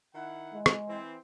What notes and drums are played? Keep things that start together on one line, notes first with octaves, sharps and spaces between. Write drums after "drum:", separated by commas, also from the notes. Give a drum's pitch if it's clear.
D#3 E4 F#5
G#3
drum: rim click
E3 C4